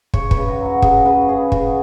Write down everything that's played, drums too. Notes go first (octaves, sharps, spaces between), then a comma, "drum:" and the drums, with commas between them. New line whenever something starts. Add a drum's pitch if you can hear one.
C#3 C#5, drum: kick
B4, drum: kick
C#3
F#4
F#3
F#4
C#3 G#4, drum: kick
C#3 B4
C#4 G#4
C#3 F#4, drum: kick